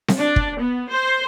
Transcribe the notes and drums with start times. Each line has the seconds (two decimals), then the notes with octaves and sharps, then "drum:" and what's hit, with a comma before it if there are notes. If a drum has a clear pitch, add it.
0.08 drum: snare C4
0.19 D4
0.36 drum: kick
0.60 B3
0.91 C5